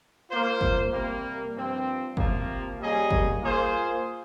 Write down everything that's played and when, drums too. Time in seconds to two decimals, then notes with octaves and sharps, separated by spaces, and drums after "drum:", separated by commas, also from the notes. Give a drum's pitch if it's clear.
0.30 A#3 F4 C5
0.61 drum: kick
0.92 C3 G3 A#3
1.55 G2 F3 C4
2.17 C3 F3 A#3, drum: kick
2.79 G3 A#3 C#4 G#4 D#5
3.11 drum: kick
3.42 A#3 F4 G#4 C5